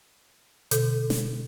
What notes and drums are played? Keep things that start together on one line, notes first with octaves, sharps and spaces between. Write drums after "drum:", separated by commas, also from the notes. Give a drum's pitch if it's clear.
B2 D3 A4, drum: hi-hat
drum: snare